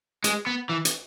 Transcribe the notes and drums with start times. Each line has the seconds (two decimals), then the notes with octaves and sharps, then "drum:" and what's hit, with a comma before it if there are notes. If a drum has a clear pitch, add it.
0.24 G#3, drum: hi-hat
0.46 B3
0.69 E3
0.85 drum: hi-hat